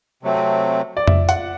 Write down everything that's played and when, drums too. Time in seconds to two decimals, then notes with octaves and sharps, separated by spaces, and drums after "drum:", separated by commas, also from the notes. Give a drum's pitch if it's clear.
0.23 C3 F#3 A3 C4
0.97 D5
1.07 E5, drum: tom F2
1.29 F#5, drum: hi-hat